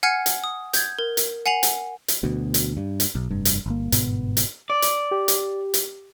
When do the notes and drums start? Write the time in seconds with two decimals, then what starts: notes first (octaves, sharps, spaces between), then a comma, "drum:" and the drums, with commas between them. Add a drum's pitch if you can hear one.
0.03 F#5 G#5 F6 G#6 C7 C#7
0.26 drum: hi-hat
0.44 D#6
0.74 G6 G#6, drum: hi-hat
0.99 A#4
1.17 drum: hi-hat
1.46 F#5 G#5 C7 F7 F#7
1.63 drum: hi-hat
2.08 drum: hi-hat
2.23 D2 B2
2.54 drum: hi-hat
2.77 G2
3.00 drum: hi-hat
3.15 B1
3.30 F1 G2
3.45 drum: hi-hat
3.66 G1 A#3
3.92 G1 G#2 B2 B3, drum: hi-hat
4.37 drum: hi-hat
4.70 D5
4.82 drum: hi-hat
5.11 G4
5.28 drum: hi-hat
5.74 drum: hi-hat